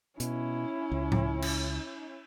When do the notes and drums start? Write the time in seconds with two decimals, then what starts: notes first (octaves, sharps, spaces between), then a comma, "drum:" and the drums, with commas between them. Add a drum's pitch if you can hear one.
0.20 B2 C#4 E4, drum: hi-hat
0.92 C#2
1.12 drum: tom A2
1.42 drum: cymbal